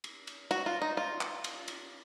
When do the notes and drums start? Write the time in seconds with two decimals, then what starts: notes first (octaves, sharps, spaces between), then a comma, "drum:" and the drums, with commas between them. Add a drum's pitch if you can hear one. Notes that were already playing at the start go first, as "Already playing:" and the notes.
0.04 drum: cymbal
0.27 drum: cymbal
0.51 F#4, drum: cymbal
0.66 F4
0.82 D#4
0.97 F4
1.21 drum: clap
1.44 drum: cymbal
1.68 drum: cymbal